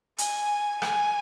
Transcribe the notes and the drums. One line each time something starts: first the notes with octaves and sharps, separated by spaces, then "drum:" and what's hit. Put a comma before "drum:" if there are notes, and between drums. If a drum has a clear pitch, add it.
G#5, drum: hi-hat
G#5, drum: rim click